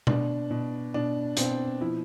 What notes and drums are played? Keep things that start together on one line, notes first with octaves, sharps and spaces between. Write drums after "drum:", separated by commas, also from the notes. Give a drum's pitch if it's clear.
B2 D4, drum: tom B2
B2
B2 D4
B2 C4, drum: hi-hat
F3 E4